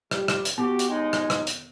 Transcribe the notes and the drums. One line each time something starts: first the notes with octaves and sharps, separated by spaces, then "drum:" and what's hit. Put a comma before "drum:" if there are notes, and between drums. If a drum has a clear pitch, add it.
G3, drum: rim click
drum: rim click
drum: hi-hat
B3 F#4 G4
drum: hi-hat
D#2 G#3 D#4
drum: rim click
drum: rim click
drum: hi-hat